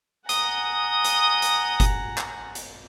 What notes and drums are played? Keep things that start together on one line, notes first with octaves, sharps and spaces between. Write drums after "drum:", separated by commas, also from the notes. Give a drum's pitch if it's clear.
F#5 G#5 A#5 D#6, drum: hi-hat
drum: hi-hat
drum: hi-hat
drum: kick F#1, hi-hat
drum: clap
drum: hi-hat